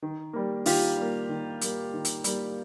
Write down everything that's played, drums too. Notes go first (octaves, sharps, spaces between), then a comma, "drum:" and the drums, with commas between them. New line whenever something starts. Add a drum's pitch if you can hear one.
D#3
G3 A#3
D#3 F4 G4, drum: open hi-hat
G3 A#3
D#3
G3 A#3, drum: hi-hat
D#3
drum: hi-hat
G3 A#3, drum: hi-hat